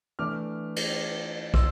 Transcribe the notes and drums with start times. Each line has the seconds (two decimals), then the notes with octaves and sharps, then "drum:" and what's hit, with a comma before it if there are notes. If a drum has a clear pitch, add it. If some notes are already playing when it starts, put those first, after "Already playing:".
0.19 E3 A3 D4 D6 F6
0.76 drum: cymbal
1.54 C6 E6, drum: kick